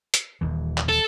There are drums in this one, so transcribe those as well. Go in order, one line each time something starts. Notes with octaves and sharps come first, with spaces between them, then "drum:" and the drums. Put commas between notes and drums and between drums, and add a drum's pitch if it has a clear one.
drum: hi-hat
D#1 D#2 E3
drum: clap
A4